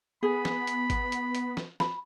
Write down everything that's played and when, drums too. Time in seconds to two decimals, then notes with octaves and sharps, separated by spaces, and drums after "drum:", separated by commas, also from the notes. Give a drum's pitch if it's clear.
0.23 B3 G#4 B5
0.45 drum: snare
0.67 drum: hi-hat
0.90 drum: kick G#1, hi-hat
1.12 drum: hi-hat
1.35 drum: hi-hat
1.57 drum: snare
1.80 B5, drum: snare